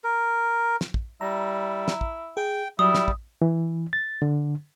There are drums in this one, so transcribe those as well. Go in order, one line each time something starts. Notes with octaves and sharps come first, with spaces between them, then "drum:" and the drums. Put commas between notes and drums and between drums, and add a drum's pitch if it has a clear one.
A#4
drum: snare
drum: kick
G3 E4 A#5
drum: snare
drum: kick
G#4 G5
F#3 G3 E4 D#6
drum: snare
drum: kick
E3
A6
D3